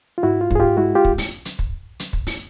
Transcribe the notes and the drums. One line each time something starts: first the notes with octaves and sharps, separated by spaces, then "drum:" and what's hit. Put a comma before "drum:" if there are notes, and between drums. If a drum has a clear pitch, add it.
F4
G#2 E4 F#4
F4
G#2 G#4, drum: kick
F4 G4
G#3 E4 F#4
F4 G4
drum: kick
drum: open hi-hat
drum: hi-hat
drum: kick
drum: hi-hat
drum: kick
drum: open hi-hat